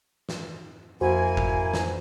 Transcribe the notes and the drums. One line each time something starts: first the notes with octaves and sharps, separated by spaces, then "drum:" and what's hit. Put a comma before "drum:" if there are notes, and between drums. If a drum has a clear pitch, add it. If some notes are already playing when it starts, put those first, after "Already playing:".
drum: snare
F2 A#3 E4 F#4 C5 G#5
drum: kick
drum: snare